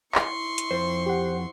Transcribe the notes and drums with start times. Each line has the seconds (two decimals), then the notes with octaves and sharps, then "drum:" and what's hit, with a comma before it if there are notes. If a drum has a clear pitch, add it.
0.15 E4 C6 C#6, drum: clap
0.58 drum: hi-hat
0.71 F2 C5
1.06 G4 F#5